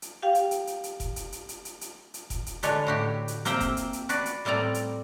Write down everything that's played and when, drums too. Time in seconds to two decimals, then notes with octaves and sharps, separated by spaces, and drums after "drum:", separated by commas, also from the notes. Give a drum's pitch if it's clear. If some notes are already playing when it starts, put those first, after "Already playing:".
0.02 drum: hi-hat
0.22 G4 F5 G5
0.35 drum: hi-hat
0.51 drum: hi-hat
0.67 drum: hi-hat
0.83 drum: hi-hat
1.00 drum: kick F1, hi-hat
1.16 drum: hi-hat
1.32 drum: hi-hat
1.49 drum: hi-hat
1.65 drum: hi-hat
1.81 drum: hi-hat
2.14 drum: hi-hat
2.30 drum: kick F1, hi-hat
2.46 drum: hi-hat
2.63 D3 G#3 D4 B4 C#5, drum: hi-hat
2.86 A2 F#4 G4
3.28 drum: hi-hat
3.45 A#3 C4 C5 E5 G5, drum: hi-hat
3.60 drum: kick F1, hi-hat
3.77 drum: hi-hat
3.93 drum: hi-hat
4.09 F#4 B4 D5, drum: hi-hat
4.26 drum: hi-hat
4.45 A2 G3 C4 D5 A#5
4.74 drum: hi-hat